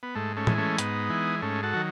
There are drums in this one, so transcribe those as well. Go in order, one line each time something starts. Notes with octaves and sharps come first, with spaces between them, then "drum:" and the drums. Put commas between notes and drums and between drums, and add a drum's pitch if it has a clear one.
B3
G#2 A3
A3 C#4
E3 G#3, drum: tom A2
A3 C#4
G#2 B3 D#4, drum: hi-hat
E3 G#3
G#2 A3 C#4
F#4 A4
D#3 F#3